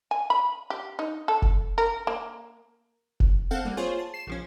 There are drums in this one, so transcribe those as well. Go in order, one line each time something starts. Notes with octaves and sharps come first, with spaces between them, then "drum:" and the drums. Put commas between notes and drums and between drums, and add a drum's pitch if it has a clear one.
G#5
B5
G4
D#4
A4
drum: kick F1
A#4
A#3
drum: kick F1
C4 A4 F5 F#5
G3 A#3
F4 G#4 C5 C#5
A5
C7 E7
A#1 F3 C#4